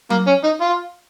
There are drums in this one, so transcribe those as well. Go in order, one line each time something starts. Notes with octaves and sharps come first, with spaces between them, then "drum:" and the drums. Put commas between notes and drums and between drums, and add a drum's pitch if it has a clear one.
A#3, drum: tom F#3
C#4
D#4
F4